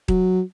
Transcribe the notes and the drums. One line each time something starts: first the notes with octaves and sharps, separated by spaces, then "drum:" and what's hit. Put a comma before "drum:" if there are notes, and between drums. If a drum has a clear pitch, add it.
F#3, drum: kick D#1